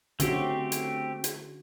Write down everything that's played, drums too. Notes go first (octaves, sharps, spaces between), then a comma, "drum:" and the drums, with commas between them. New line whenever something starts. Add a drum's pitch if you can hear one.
D3 A3 C4 C#4 F#4 G4, drum: hi-hat
drum: hi-hat
drum: hi-hat